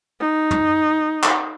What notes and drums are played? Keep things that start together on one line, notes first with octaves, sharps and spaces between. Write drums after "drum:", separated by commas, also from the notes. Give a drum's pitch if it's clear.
D#4
drum: tom
drum: clap